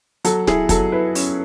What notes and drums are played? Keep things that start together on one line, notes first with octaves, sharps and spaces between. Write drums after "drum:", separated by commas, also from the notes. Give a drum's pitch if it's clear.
F#3 A4, drum: hi-hat
E4 G#4, drum: snare D1
F#3 A4, drum: kick, hi-hat
E4 B4
C#4, drum: open hi-hat